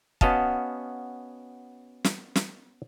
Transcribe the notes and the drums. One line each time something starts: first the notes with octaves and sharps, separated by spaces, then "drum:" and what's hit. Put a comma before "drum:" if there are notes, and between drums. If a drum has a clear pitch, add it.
B3 C#4 F#4 D#5 F5 A5, drum: kick
drum: snare
drum: snare